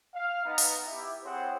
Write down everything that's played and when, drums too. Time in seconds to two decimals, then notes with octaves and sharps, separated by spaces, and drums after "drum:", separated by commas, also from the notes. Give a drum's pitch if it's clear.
0.15 F5
0.45 B3 D#4 A#5
0.58 drum: open hi-hat
0.85 E4 G4 E5
1.24 C4 E4 G#4 C5 C#5 F#5